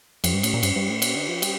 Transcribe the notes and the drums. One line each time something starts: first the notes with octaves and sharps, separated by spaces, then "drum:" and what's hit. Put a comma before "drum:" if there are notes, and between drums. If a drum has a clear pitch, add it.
F2, drum: cymbal
G2
A2, drum: cymbal
A#2
G2, drum: cymbal
G2
A2
A#2, drum: cymbal
D3
F3
G3, drum: cymbal